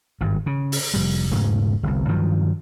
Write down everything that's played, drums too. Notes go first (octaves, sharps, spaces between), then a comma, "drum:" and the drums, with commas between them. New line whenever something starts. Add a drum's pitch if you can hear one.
G#1 G2
C#3
drum: open hi-hat
F1 C#2 G3
E1 G#2 C#3 A3
G1 C2
G2 D#3 F3 F#3